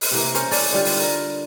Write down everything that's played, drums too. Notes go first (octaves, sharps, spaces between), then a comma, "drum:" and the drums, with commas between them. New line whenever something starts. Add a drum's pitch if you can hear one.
drum: open hi-hat
C3 E3 A#3
C#4 A#4 C5 C#5, drum: hi-hat
C#4 A4 D5, drum: open hi-hat
D3 G3 F4
drum: open hi-hat
F4 A#4